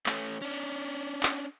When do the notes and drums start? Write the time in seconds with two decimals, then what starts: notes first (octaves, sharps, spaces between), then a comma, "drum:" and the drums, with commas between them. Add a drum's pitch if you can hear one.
0.06 A3 C#4, drum: clap
0.42 C#4 D4
1.23 drum: clap